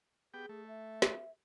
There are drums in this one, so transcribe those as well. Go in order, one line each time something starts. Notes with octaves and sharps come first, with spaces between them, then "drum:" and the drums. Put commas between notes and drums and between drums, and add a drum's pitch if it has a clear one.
B3 G4 G#4 G5
A3
E5
drum: snare